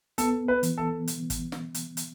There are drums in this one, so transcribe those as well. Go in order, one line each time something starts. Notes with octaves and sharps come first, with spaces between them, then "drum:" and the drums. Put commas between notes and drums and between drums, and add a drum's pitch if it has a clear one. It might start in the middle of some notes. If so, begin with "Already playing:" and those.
B3 A4, drum: hi-hat
B4
E3, drum: hi-hat
A4
drum: hi-hat
drum: kick, hi-hat
drum: snare
drum: hi-hat
drum: hi-hat